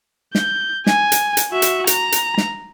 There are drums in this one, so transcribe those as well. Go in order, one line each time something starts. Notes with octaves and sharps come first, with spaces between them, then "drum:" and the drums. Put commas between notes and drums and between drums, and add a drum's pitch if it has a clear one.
G6, drum: snare
G#5, drum: snare
drum: hi-hat
drum: hi-hat
F#4 E5
drum: hi-hat
A#5, drum: hi-hat
drum: hi-hat
drum: snare